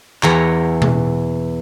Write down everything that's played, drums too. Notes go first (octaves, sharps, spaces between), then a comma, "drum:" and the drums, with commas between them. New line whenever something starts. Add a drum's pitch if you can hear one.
E2 E3 C#5 F#5 A#5 B5, drum: clap
drum: tom B2